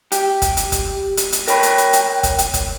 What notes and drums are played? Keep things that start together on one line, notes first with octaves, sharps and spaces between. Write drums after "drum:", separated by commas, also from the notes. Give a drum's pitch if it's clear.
G4, drum: hi-hat
drum: kick, hi-hat
drum: hi-hat
drum: kick, hi-hat
drum: hi-hat
drum: hi-hat
A#4 C#5 G5 B5, drum: hi-hat
drum: hi-hat
drum: hi-hat
drum: hi-hat
drum: kick, hi-hat
drum: hi-hat
drum: kick, hi-hat